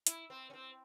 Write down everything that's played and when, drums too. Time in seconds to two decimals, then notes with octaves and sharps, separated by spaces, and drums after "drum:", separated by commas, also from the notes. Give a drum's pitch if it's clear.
0.07 E4, drum: hi-hat
0.30 C4
0.50 C#4
0.53 C4